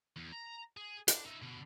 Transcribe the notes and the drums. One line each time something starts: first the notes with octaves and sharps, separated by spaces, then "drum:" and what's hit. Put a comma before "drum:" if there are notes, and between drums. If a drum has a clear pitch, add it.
E2
A#5
G#4
D4, drum: hi-hat
D#4 E5
B2 D3